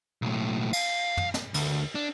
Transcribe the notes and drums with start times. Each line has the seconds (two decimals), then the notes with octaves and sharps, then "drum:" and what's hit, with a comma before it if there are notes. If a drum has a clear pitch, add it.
0.22 B1 A2
0.73 F5, drum: cymbal
1.17 drum: tom
1.34 drum: snare
1.54 D2, drum: cymbal
1.95 D4